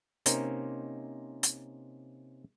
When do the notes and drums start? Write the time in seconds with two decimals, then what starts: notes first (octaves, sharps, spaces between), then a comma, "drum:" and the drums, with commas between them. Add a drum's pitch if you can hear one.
0.26 C3 A#3 C#4 D#4 A#4 C5, drum: hi-hat
1.43 drum: hi-hat